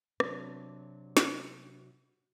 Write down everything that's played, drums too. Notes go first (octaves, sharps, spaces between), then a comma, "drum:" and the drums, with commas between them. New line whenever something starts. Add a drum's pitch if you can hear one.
C3 F#3 D4 F#4, drum: rim click
drum: snare